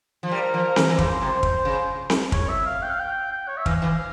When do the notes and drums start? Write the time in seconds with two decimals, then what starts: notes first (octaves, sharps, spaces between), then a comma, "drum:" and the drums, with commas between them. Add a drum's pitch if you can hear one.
0.23 F3
0.31 G3 A#4
0.54 F3
0.76 E3, drum: snare C4
0.90 E3
0.98 C#3 C5, drum: kick
1.21 C3
1.43 drum: kick
1.65 C#3
2.10 drum: snare C4
2.32 C#5, drum: kick
2.48 E5
2.66 F5
2.82 G5
2.90 F5
2.99 G5
3.32 G5
3.47 C#5
3.57 E5
3.66 E3 F5, drum: kick
3.82 E3